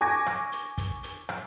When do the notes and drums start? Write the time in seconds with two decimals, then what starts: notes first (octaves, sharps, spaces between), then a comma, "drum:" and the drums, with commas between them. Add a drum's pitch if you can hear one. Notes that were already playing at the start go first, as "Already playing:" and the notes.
0.01 G#5 C#6 D6 G#6 A#6
0.26 drum: rim click
0.52 drum: hi-hat
0.78 drum: kick, hi-hat
1.03 drum: hi-hat
1.29 drum: rim click